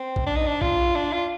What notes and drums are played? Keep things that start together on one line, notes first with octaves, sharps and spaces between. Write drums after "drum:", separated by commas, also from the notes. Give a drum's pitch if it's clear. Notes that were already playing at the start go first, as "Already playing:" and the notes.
Already playing: C4
drum: kick A#1
D4
D#4
D4
F4, drum: kick A#1
D4
F4